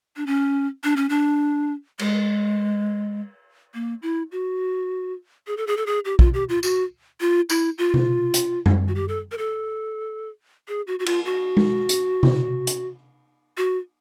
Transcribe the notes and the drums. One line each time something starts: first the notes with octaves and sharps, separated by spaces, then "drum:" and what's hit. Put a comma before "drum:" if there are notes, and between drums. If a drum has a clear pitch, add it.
D4
C#4
D4
C#4
D4
G#3, drum: cymbal
A#3
E4
F#4
G#4
A4
G#4
A4
G#4
G4
F4, drum: kick
G4
F4
F#4, drum: tambourine
F4
E4, drum: tambourine
F4
drum: tom C3
drum: hi-hat
drum: tom F#2
F#4
G4
A4
A#4
A4
G#4
F#4
F#4
F4, drum: cymbal
F#4
drum: tom G#3
drum: hi-hat
drum: tom C3
drum: hi-hat
F#4